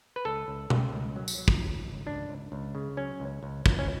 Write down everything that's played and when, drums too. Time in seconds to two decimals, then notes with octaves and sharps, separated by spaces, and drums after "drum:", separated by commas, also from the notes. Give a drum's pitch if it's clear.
0.16 B4
0.25 C#2 A4
0.48 C#2
0.70 C#2, drum: tom B2
0.93 C#2
1.16 F#3
1.28 drum: tambourine
1.38 F#3
1.48 drum: kick
1.61 C#4
1.84 C#2
2.06 C#2 D4
2.29 C#2
2.52 C#2
2.75 C#3
2.97 F#3 C#4
3.20 C#2
3.43 C#2
3.66 C#2, drum: kick
3.79 C#4